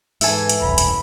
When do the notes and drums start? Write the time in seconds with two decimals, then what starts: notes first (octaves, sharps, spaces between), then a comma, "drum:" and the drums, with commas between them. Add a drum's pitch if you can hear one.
0.21 E2 G#2 E3 A4 E5 G#5, drum: open hi-hat
0.49 drum: hi-hat
0.62 E1 C2 F#2 A#5 B5
0.78 drum: hi-hat